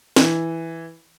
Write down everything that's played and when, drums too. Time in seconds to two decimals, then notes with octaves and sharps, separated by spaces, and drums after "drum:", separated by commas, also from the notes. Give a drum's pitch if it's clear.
0.16 E3, drum: snare